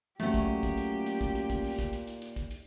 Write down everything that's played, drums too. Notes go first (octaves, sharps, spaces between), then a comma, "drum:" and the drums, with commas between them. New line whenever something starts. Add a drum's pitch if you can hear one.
A#2 F#3 A3 C#4 G4, drum: hi-hat
drum: kick A#1, hi-hat
drum: kick A#1, hi-hat
drum: hi-hat
drum: hi-hat
drum: kick A#1, hi-hat
drum: hi-hat
drum: kick A#1, hi-hat
drum: open hi-hat
drum: kick A#1, hi-hat
drum: hi-hat
drum: hi-hat
drum: hi-hat
drum: kick A#1, hi-hat
drum: hi-hat